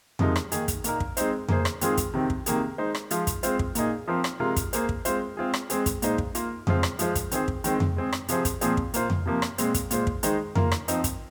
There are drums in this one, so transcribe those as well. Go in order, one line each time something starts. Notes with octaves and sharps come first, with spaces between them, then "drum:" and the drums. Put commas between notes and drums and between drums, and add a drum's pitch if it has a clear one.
C3 F3 G#3 D#4 A#4, drum: tom F2
drum: rim click
D#3 A#3 D#4 G#4, drum: hi-hat
drum: kick, hi-hat
A#2 A#3 D#4 A#4, drum: hi-hat
drum: kick
G#3 C4 D#4 C5, drum: hi-hat
A#3 G#4 C5, drum: tom F2
drum: rim click
D#3 G#3 C4 F4 G#4, drum: hi-hat
drum: kick, hi-hat
C3 D#3 C4
drum: kick
C3 D#3 A#3 G#4, drum: hi-hat
G#3 D#4 C5
drum: rim click
F3 G#3 F4, drum: hi-hat
drum: kick, hi-hat
G#3 C4 F4 C5, drum: hi-hat
drum: kick
A#2 A#3 D#4 G#4, drum: hi-hat
F3 C4 F4 A#4
drum: rim click
C3 G#3 F4 A#4
drum: kick, hi-hat
A#3 G#4 C5, drum: hi-hat
drum: kick
G#3 C4 F4 C5, drum: hi-hat
G#3 C4 F4 G#4
drum: rim click
G#3 C4 G#4, drum: hi-hat
drum: kick, hi-hat
A#2 G#3 D#4 C5, drum: hi-hat
drum: kick
A#3 F4 A#4, drum: hi-hat
F3 G#3 C4 F4 C5, drum: tom F2
drum: rim click
F3 G#3 F4 C5, drum: hi-hat
drum: kick, hi-hat
D#3 C4 G#4 C5, drum: hi-hat
drum: kick
D#3 G#3 C4, drum: hi-hat
drum: tom F2
G#3 C4 G#4
drum: rim click
C3 F3 C4 G#4 C5, drum: hi-hat
drum: kick, hi-hat
A#2 F3 C4 G#4 C5, drum: hi-hat
drum: kick
A#2 A#3 F4 C5, drum: hi-hat
drum: tom F2
C3 F3 A#3
drum: rim click
A#2 G#3 C4, drum: hi-hat
drum: kick, hi-hat
A#2 G#3 F4 C5, drum: hi-hat
drum: kick
D#3 G#3 D#4 C5, drum: hi-hat
A#3 F4 A#4, drum: tom F2
drum: rim click
F3 C4 D#4, drum: hi-hat
drum: kick, hi-hat